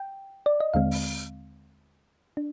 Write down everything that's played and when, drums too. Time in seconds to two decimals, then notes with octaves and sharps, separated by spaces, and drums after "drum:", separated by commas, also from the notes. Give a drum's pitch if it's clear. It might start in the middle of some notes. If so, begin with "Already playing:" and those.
Already playing: G5
0.46 D5
0.60 D#5
0.74 D#2 D3 G#3 C4 F5
0.91 drum: open hi-hat
2.37 D4